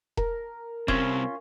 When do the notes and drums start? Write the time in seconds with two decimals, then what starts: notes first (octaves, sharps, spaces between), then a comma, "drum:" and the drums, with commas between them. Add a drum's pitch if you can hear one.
0.17 A#4, drum: kick E1
0.88 C2 C4 C#4 F4, drum: kick E1